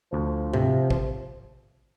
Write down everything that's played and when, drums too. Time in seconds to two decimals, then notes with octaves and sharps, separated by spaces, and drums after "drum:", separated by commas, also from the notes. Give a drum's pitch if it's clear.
0.12 D2 F3
0.53 C3, drum: tom G#2
0.90 F3, drum: kick